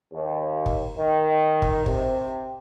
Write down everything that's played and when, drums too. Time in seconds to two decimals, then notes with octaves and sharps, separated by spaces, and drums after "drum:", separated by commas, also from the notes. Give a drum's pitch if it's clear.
0.12 D#2
0.66 drum: kick
0.98 D#3
1.62 drum: kick
1.86 C3, drum: kick